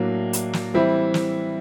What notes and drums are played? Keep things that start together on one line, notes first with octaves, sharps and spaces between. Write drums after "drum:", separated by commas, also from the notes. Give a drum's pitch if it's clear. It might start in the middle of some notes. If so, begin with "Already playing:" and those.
Already playing: A2 F#3 A#3 D4
drum: hi-hat
drum: snare
E3 G3 C4 E4
drum: snare